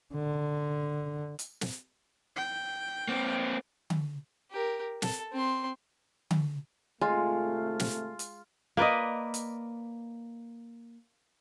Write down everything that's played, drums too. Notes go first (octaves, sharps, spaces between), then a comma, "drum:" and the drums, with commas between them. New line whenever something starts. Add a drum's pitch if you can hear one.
D3
drum: hi-hat
drum: snare
G5
A#3 C4
drum: tom D3
G4 A#4
A4, drum: snare
C4 C6
drum: tom D3
G#1 C3 G#3 A3 F4
drum: snare
drum: hi-hat
A#3 B4 D5 D#5
drum: hi-hat